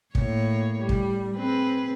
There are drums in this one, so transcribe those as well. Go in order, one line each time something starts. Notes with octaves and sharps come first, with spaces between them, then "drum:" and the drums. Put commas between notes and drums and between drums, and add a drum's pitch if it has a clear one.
A2 A#3 C#5, drum: kick
G3
drum: kick
C4 G#4 B4